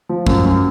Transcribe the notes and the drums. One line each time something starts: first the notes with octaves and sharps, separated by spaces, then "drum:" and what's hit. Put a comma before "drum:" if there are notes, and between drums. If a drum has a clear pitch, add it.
F3
F#2, drum: kick
F#2